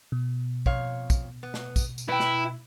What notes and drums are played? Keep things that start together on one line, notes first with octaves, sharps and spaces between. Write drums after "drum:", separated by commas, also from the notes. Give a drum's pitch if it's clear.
B2
F2 C#5 F5, drum: kick
drum: kick, tambourine
B3
drum: snare
drum: kick, tambourine
drum: tambourine
E4 B4 G5
drum: snare